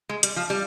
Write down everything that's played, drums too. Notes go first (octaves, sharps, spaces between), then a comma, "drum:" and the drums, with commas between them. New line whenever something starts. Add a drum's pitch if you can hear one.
G#3
G3, drum: hi-hat
F3
G3